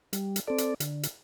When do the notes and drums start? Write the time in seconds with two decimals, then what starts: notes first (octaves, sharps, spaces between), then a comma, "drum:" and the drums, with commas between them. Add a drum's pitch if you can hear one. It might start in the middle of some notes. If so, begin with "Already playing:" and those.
0.13 G3, drum: hi-hat
0.36 drum: hi-hat
0.47 C4 A4 D5
0.58 drum: hi-hat
0.80 D3, drum: hi-hat
1.03 drum: hi-hat